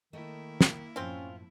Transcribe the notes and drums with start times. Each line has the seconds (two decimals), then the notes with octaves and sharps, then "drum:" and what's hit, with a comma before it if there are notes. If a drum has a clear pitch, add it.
0.13 D#3 A3 A#3 E4 D#5
0.61 drum: snare
0.96 F#2 A2 F3 C4 C#4 F4